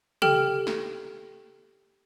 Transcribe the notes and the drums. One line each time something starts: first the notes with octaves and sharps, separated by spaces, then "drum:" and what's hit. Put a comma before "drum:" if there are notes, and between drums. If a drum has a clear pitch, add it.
G4 A4 G5 F6, drum: tom
drum: snare